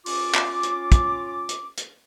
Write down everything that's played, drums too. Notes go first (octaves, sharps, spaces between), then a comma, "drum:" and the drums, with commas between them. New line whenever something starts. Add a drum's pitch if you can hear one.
C#4 F4 D6, drum: open hi-hat
drum: clap
drum: hi-hat
drum: kick, hi-hat
drum: hi-hat
drum: hi-hat